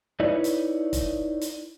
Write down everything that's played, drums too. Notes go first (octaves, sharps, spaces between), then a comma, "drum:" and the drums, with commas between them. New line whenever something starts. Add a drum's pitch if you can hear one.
D#4 E4 B4 C#5 D5
drum: hi-hat
drum: kick, hi-hat
drum: hi-hat